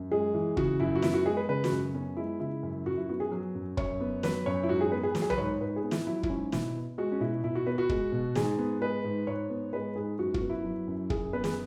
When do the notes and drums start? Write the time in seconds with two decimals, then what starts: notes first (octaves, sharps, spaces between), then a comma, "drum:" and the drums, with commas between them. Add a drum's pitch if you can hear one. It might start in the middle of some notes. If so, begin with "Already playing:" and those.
Already playing: F#2
0.11 G#3 G#4
0.34 E3
0.57 C#3 F#4, drum: kick
0.80 F#2 E4
0.95 F#4
1.02 B3 E4, drum: snare
1.14 F#4
1.25 G#3 G#4
1.37 B4
1.49 C#3 B4
1.64 F#4, drum: snare
1.71 F#2
1.94 B3 C#4
2.17 G#3 E4
2.40 C#3 E4
2.63 F#2
2.86 F#2 F#4
2.97 E4
3.09 B3 F#4
3.20 G#4
3.32 F#3
3.55 F#2
3.77 F#2 C#5, drum: kick
4.01 B3
4.23 F#3 B4, drum: snare
4.46 F#2 C#5
4.63 E4
4.69 G#2 F#4
4.81 G#4
4.92 B3 B4
5.03 G#4
5.15 F#3, drum: snare
5.22 G#4
5.30 B4, drum: tom
5.38 G#2 C#5
5.61 G#2 B4
5.76 G#4
5.83 B3
5.91 E4, drum: snare
6.07 F#3 E4
6.23 E4, drum: kick
6.29 G#2 C#4
6.52 B2 E4, drum: snare
6.75 B3
6.98 G#3 F#4
7.12 C#4
7.21 B2 E4
7.44 B2 E4
7.55 F#4
7.67 B3 B4
7.78 F#4
7.89 G#3, drum: kick
8.12 B2
8.35 G#2 G#4, drum: snare
8.58 B3
8.81 G#3 B4
9.04 G#2
9.27 G#2 C#5
9.50 B3
9.73 G#3 B4
9.96 G#2 G#4
10.19 F#2 F#4
10.34 F#4, drum: kick
10.42 B3
10.50 E4
10.64 F#3
10.88 F#2
11.10 F#2 G#4, drum: kick
11.33 B3 B4
11.44 G#4, drum: snare